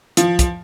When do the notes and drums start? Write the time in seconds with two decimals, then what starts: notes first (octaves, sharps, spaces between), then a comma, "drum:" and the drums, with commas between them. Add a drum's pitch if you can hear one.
0.17 F3, drum: hi-hat
0.39 drum: kick, hi-hat